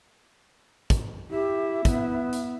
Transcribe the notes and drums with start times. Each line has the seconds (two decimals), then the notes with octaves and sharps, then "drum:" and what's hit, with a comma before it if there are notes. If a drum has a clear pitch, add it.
0.90 drum: kick, hi-hat
1.30 E4 G4 E5
1.85 B3, drum: kick, hi-hat
2.33 drum: hi-hat